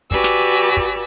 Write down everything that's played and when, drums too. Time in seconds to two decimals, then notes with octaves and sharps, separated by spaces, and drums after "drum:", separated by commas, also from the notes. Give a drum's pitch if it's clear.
0.11 F#4 G4 B4 D5 G#5 E6, drum: kick
0.24 drum: snare
0.77 drum: kick